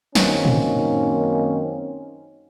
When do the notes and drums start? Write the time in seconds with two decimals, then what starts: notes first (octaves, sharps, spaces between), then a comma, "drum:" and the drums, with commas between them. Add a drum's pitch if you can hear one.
0.15 F#2 D#3 A#3 C4 C#4 D#4, drum: snare
0.45 drum: tom